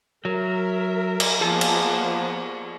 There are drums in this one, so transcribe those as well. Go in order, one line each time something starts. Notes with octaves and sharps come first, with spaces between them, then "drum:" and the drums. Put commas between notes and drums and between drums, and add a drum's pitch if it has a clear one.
F#3 A#4 E5
drum: cymbal
F3 A#3 B3 G#4 A5
drum: cymbal